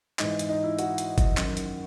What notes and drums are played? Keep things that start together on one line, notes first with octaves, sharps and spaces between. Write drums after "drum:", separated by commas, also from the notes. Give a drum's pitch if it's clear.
G#2 E3 D#4, drum: clap
drum: hi-hat
D#4
E4
F#4, drum: hi-hat
drum: hi-hat
drum: kick F#1, hi-hat
F#2 D#3, drum: clap
drum: hi-hat